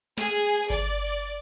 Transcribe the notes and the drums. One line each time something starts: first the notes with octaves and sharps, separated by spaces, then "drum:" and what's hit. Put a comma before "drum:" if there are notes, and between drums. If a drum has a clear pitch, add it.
G#4, drum: snare
D5, drum: kick G1, cymbal
drum: cymbal